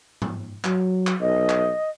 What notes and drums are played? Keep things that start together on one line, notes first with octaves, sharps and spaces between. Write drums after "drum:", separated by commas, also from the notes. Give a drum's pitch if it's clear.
drum: tom
F#3, drum: clap
drum: clap
B1 D#5
drum: clap